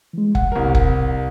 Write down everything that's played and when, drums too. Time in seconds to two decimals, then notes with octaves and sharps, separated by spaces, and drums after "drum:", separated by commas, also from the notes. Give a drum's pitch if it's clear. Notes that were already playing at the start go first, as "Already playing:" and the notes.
0.13 E3 G#3
0.35 F#5, drum: kick
0.52 C2 A#4
0.75 drum: kick